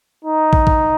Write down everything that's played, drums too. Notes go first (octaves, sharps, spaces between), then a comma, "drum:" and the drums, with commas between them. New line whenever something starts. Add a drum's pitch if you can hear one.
D#4
drum: kick
drum: kick